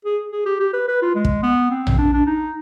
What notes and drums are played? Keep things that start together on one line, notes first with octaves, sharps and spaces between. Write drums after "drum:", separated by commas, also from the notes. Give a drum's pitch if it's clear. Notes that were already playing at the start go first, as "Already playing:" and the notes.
G#4
G#4
G4
G4
B4
B4
F4
G#3
drum: kick
B3
C4
drum: tom A#1
D4
D4
D#4